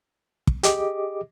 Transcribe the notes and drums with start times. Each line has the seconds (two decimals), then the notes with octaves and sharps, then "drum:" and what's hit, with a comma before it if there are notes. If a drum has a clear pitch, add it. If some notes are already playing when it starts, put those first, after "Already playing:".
0.47 drum: kick
0.63 G4 G#4 D#5 D6, drum: hi-hat